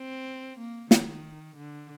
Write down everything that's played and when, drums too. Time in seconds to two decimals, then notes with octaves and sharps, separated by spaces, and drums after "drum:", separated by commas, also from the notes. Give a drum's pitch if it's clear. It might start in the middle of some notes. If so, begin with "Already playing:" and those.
Already playing: C4
0.59 A#3
0.91 D#3, drum: snare
1.57 D3